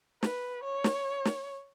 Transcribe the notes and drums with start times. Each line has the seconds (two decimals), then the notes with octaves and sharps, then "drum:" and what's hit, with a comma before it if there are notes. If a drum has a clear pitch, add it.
0.23 B4, drum: snare
0.63 C#5
0.84 drum: snare
1.25 drum: snare